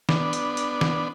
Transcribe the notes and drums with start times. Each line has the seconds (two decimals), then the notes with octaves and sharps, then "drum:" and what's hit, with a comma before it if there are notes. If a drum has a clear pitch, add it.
0.09 B3 D4, drum: snare
0.33 drum: hi-hat
0.57 drum: hi-hat
0.81 drum: snare